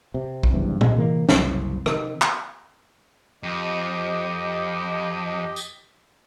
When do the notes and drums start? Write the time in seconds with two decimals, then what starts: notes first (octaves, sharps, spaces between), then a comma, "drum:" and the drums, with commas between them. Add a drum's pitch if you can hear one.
0.14 C3
0.43 drum: kick A#1
0.53 F#1 E2 G2 C3
0.81 B1 C3 G#3, drum: tom
0.97 C3 E3 G#3 A#3
1.29 F#1 C2, drum: snare
1.86 C3 D#3, drum: rim click
2.22 drum: clap
3.43 F2 G4 D#5
5.56 drum: tambourine